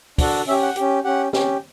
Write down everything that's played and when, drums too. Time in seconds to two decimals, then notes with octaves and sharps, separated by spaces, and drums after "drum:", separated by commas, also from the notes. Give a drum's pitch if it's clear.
0.18 D4 F#4 A4, drum: kick, open hi-hat
0.47 C#4 G4 E5
0.62 F#5
0.76 C#4 G4, drum: hi-hat
1.04 C#4 G4 F#5
1.33 C#4 G4, drum: snare